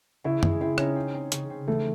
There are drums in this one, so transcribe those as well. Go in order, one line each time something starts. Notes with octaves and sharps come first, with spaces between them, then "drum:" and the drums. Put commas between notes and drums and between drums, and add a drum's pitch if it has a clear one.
C#3 E4
G#3, drum: tom F#2
C4 E4
C#4 D#4, drum: rim click
C4
C4
C#3, drum: hi-hat
C4
E3 A3